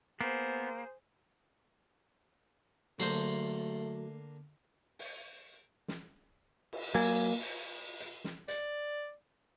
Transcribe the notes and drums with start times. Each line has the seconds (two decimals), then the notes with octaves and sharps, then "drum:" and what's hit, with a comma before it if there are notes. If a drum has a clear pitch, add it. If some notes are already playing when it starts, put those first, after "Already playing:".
0.21 A#3 B3 G#4 C5
3.00 D3 F#3 A3 A#3 C5 F5, drum: cymbal
4.99 drum: open hi-hat
5.88 drum: snare
6.73 drum: cymbal
6.95 F#3 A#3 G#5, drum: hi-hat
7.40 drum: open hi-hat
8.00 drum: hi-hat
8.24 drum: snare
8.48 D5, drum: hi-hat